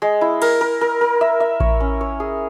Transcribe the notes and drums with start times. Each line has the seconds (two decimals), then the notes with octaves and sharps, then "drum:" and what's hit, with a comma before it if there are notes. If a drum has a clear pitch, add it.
0.02 G#3
0.21 E4
0.42 A#4, drum: cymbal
0.61 A#4
0.81 A#4
1.01 A#4
1.21 E5
1.40 E5
1.60 C#5, drum: kick A1
1.80 C#4
2.01 C#5
2.20 G#4